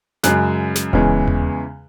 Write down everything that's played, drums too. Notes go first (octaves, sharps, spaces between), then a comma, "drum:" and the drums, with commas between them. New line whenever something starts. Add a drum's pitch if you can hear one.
F#2 C#3 G#3 F#6, drum: snare
drum: snare
E2 C#3 E3 G#3, drum: kick D1
drum: tom D#2